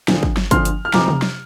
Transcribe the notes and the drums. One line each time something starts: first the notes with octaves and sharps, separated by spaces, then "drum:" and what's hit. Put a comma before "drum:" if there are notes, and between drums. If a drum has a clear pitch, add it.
D2 D3 F3, drum: snare
drum: kick
drum: snare
D2 D3 F3 C6 F6, drum: kick, hi-hat
drum: hi-hat
F6
F1 F2 C3 F3 A#5 D6, drum: snare
drum: tom C3
drum: snare